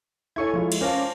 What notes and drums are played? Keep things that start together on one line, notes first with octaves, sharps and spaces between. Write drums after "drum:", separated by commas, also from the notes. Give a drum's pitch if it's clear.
E4 A4 C#5 G#5 C#6 G#6
F3 G#3 F4
drum: cymbal
C#4 C5 F5 A5 D6 A#6